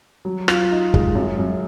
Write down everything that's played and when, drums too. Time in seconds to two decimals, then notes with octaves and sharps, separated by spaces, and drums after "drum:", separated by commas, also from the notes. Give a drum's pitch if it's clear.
0.25 F#3
0.48 F4, drum: rim click
0.71 D#4
0.94 G#3, drum: kick
1.15 F#2
1.39 F#2